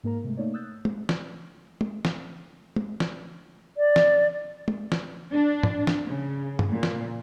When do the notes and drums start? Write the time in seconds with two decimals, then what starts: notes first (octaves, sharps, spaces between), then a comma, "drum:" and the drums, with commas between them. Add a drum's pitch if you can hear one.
0.04 G#2 A#3 A#4 A#5
0.24 C3 G#3 A3
0.37 A3 A#3 D#4 C#5 D5
0.54 D#6 E6 F#6 G6 A6
0.85 drum: tom
1.09 drum: snare
1.81 drum: tom
2.05 drum: snare
2.76 drum: tom
3.00 drum: snare
3.77 D5
3.96 drum: snare
4.68 drum: tom
4.92 drum: snare
5.31 D4
5.63 drum: tom
5.87 drum: snare
6.08 C#3
6.59 drum: tom
6.69 A#2
6.83 drum: snare